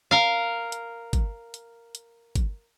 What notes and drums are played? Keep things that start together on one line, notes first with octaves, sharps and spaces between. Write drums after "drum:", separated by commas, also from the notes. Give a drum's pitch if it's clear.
A#4 F5
drum: hi-hat
drum: kick, hi-hat
drum: hi-hat
drum: hi-hat
drum: kick, hi-hat